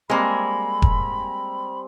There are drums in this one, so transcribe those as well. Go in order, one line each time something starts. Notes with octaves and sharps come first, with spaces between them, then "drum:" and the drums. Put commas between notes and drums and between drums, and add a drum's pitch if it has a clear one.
G3 G#3 A#3 C4 G#5 B5
drum: kick E1